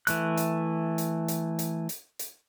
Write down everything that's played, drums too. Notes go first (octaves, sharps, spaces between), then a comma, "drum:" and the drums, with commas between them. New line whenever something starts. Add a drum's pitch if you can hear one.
E3 A3 F#6, drum: hi-hat
drum: hi-hat
drum: hi-hat
drum: hi-hat
drum: hi-hat
drum: hi-hat
drum: hi-hat